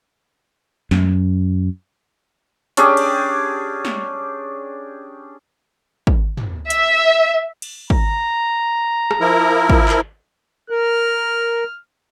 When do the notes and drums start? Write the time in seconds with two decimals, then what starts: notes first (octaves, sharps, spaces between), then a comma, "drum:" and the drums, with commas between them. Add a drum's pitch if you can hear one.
0.91 F#2, drum: snare
2.77 C#4 D4 G4 G#4, drum: hi-hat
2.97 drum: cymbal
3.85 drum: snare
6.07 drum: kick
6.37 drum: tom
6.70 E5, drum: hi-hat
7.62 drum: cymbal
7.90 A#5, drum: kick
9.11 drum: rim click
9.20 F3 E4 A#4
9.70 drum: kick
9.88 drum: clap
10.70 A#4 F6